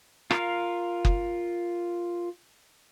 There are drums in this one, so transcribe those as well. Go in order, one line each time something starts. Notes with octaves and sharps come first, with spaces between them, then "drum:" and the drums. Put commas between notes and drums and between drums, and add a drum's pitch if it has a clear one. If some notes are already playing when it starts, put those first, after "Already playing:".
F4 A#4 F5, drum: rim click
drum: kick F#1